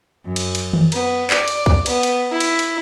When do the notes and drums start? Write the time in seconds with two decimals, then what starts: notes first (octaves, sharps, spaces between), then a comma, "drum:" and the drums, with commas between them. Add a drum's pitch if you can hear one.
0.25 F#2
0.36 drum: cymbal
0.55 drum: cymbal
0.73 drum: tom D#3
0.92 B3, drum: cymbal
1.30 D5, drum: clap
1.48 drum: cymbal
1.66 drum: kick
1.86 B3, drum: cymbal
2.03 drum: cymbal
2.30 E4
2.40 drum: cymbal
2.59 drum: cymbal